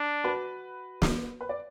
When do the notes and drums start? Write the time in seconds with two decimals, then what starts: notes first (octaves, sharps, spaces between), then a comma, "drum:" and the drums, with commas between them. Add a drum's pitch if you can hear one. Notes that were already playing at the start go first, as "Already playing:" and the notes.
Already playing: D4
0.24 F#4 B4
1.02 drum: snare
1.41 B4
1.49 D5